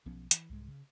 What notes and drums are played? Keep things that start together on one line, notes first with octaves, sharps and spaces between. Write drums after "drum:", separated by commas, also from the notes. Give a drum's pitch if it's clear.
B1 F3 B3 C#4
E3, drum: hi-hat
C2 G#2 G#3
C#3